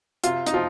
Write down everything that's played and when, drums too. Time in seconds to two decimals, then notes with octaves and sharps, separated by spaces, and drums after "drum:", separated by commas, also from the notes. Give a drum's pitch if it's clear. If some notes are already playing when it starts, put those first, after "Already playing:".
0.24 C3 F4, drum: hi-hat
0.46 D#4, drum: hi-hat
0.54 F3 F4